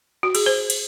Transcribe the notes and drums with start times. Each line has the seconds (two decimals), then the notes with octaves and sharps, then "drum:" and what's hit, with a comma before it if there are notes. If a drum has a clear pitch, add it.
0.23 F#4
0.35 G#4, drum: cymbal
0.46 C5
0.70 drum: cymbal